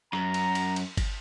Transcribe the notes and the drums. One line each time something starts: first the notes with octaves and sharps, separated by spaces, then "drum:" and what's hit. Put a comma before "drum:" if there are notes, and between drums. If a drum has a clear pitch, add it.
F#2 A#5, drum: rim click
drum: cymbal
drum: cymbal
drum: cymbal
drum: kick G1, cymbal